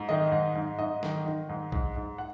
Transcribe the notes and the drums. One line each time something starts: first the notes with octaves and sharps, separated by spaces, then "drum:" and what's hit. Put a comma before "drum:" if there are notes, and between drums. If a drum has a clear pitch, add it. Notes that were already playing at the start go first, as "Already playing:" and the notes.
Already playing: G#2
D#3 D#5
G#2
G#2
G#2 D#5
D#3, drum: snare
D#3
G#2
G#2, drum: kick B1
G#2
F#5